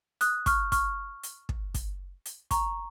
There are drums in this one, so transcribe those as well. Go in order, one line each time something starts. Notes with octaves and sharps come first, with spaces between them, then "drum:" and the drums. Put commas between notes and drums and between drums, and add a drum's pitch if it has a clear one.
D#6 F#6, drum: hi-hat
C#6 F6, drum: kick, hi-hat
C#6 F6, drum: kick, hi-hat
drum: hi-hat
drum: kick
drum: kick, hi-hat
drum: hi-hat
A#5 C#6, drum: kick, hi-hat